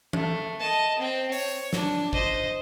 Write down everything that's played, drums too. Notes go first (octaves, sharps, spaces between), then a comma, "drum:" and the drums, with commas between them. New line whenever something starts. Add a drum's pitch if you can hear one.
A3, drum: tom
D#5 A5
C4 G5
C#5, drum: open hi-hat
D4, drum: snare
C5 D#5, drum: kick